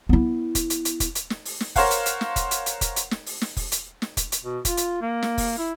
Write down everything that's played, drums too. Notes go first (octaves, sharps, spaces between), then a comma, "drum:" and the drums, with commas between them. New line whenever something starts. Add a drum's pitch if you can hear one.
B3 E4
drum: kick F1, hi-hat
drum: hi-hat
drum: hi-hat
drum: kick F1, hi-hat
drum: hi-hat
drum: snare
drum: open hi-hat
drum: snare
A#4 C5 C#5 F5 F#5, drum: kick F1, open hi-hat
drum: hi-hat
drum: hi-hat
drum: snare
drum: kick F1, hi-hat
drum: hi-hat
drum: hi-hat
drum: kick F1, hi-hat
drum: hi-hat
drum: snare
drum: open hi-hat
drum: snare
drum: kick F1, open hi-hat
drum: hi-hat
drum: snare
drum: kick F1, hi-hat
drum: hi-hat
B2
F4, drum: kick F1, hi-hat
drum: hi-hat
A#3
drum: snare
drum: kick F1, open hi-hat
E4